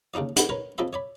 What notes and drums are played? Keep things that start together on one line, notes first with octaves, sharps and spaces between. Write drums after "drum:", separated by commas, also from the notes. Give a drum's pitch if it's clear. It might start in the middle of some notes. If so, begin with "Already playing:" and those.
D#2 C#3 D4 D#4 D5
B3 F#4 B4, drum: hi-hat
A#4 B4 C#5
F2 F3 G#3 A4 E5 B5
C#5 D5 B5